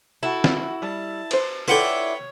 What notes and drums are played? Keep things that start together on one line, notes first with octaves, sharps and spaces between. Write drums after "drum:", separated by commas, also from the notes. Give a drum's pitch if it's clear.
E4 F#4 A4
drum: snare
G3 A5
B4 C5, drum: cymbal
D4 E4 F4 A4 B4 C#5 F#5 G5